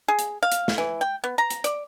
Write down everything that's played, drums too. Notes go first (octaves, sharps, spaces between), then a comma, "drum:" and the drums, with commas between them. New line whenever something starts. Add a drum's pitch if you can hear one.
G#4
drum: hi-hat
F5
drum: hi-hat
drum: snare
E3
G5
B3
A#5
drum: hi-hat
D5, drum: hi-hat